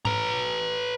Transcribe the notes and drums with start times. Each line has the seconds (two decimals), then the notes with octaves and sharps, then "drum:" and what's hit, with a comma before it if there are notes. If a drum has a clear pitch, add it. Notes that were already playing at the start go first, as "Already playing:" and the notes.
0.05 B4 A#5, drum: tom G#2